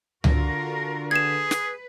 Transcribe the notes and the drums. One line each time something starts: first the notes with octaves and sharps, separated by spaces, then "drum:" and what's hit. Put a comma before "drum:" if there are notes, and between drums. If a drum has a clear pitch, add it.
D3 F4 F#4 A#4, drum: tom C#2
G#4 B4 G#6 E7
drum: snare